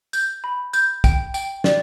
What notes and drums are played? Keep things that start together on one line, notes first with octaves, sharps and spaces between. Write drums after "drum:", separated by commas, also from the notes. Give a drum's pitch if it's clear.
G6, drum: tambourine
B5
G6, drum: tambourine
G5, drum: kick, tambourine
G5, drum: tambourine
D5, drum: snare